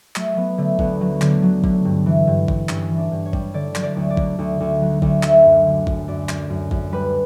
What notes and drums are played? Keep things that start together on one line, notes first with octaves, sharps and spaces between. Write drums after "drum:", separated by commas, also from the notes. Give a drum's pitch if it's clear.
F#3 A3, drum: clap
F#3 B3
D3 A3
D2 B3, drum: kick G#1
F#3
D3, drum: clap
F#3
D3, drum: kick G#1
G2
E3
G2
G2, drum: kick G#1
G2 C#4, drum: clap
E3
D4
G2
C#5
G3, drum: kick G#1
D3 D5
F#3, drum: clap
D5
D2
D5
D3, drum: kick G#1
D2
D2
F#3
D2, drum: kick G#1
F#3 E5, drum: clap
F#2
D3
F#2, drum: kick G#1
F#2 D5
F#2, drum: clap
F#2
F#2, drum: kick G#1
G3 B4